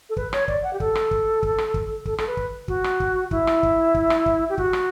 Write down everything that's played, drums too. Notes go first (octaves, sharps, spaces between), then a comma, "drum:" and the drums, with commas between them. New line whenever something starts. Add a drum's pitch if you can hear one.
A4
B4, drum: kick
C#5, drum: rim click
D5, drum: kick
F#5
G4
A4, drum: kick
drum: rim click
drum: kick
drum: kick
drum: rim click
drum: kick
A4, drum: kick
A4, drum: rim click
B4
drum: kick
F#4, drum: kick
drum: rim click
drum: kick
E4, drum: kick
drum: rim click
drum: kick
drum: kick
drum: rim click
drum: kick
G4
F#4, drum: kick
drum: rim click